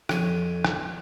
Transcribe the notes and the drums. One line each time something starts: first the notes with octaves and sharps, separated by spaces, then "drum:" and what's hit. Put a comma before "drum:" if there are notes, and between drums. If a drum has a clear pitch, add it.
F2 C#5 G#5, drum: rim click
drum: rim click